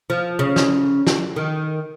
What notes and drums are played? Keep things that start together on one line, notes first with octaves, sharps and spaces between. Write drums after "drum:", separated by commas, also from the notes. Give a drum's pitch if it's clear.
F3
C#3
drum: snare
drum: snare
D#3